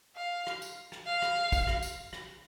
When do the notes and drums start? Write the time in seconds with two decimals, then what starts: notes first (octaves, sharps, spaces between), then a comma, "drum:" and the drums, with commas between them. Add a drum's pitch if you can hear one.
0.16 F5
0.47 drum: rim click
0.62 drum: tambourine
0.92 drum: rim click
1.07 F5
1.22 drum: rim click
1.52 drum: kick, tambourine
1.67 drum: rim click
1.83 drum: tambourine
2.13 drum: rim click